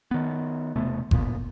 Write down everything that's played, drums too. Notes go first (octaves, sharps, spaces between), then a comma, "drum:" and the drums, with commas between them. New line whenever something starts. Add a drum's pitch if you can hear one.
D#3 B3
E1 C3 A3 B3
D1 A#2 B3, drum: kick G1